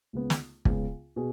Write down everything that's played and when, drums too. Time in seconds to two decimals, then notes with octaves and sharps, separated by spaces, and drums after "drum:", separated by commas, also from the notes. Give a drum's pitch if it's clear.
0.13 C#2 C#3 B3
0.30 drum: snare
0.65 C#2 C#3 B3, drum: kick
1.16 B2 G#4